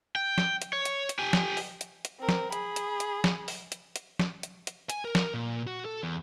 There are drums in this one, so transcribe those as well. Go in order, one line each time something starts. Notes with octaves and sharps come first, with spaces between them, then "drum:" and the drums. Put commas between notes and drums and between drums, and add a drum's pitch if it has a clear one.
G5
drum: snare
drum: hi-hat
C#5
drum: hi-hat
drum: hi-hat
G4 G#5
drum: snare
drum: open hi-hat
drum: hi-hat
drum: hi-hat
C4 A#4
drum: snare
G#4 B5, drum: hi-hat
drum: hi-hat
drum: hi-hat
drum: snare
drum: open hi-hat
drum: hi-hat
drum: hi-hat
drum: snare
drum: hi-hat
drum: hi-hat
G#5, drum: hi-hat
A#4
drum: snare
A#2
F#4
A4
E2